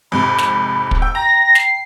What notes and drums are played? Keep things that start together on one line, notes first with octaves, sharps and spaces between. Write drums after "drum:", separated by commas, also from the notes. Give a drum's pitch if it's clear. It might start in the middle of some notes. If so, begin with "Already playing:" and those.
F2 G#2 C3 B5
drum: snare
drum: kick
G5 E6
G5 A#5 A#6
C7, drum: snare